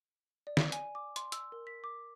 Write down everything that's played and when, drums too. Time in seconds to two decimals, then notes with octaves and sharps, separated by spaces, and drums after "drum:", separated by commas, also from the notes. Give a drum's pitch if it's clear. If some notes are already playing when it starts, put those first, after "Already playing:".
0.47 D5
0.57 drum: snare
0.72 G#5, drum: hi-hat
0.95 D6
1.16 C6, drum: hi-hat
1.32 E6, drum: hi-hat
1.52 A#4
1.67 B6
1.84 D6